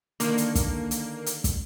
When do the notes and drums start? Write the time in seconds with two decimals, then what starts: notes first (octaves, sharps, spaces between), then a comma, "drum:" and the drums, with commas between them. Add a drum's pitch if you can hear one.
0.20 D3 D#3 A#3, drum: hi-hat
0.38 drum: hi-hat
0.55 drum: kick, hi-hat
0.91 drum: hi-hat
1.26 drum: hi-hat
1.44 drum: kick, hi-hat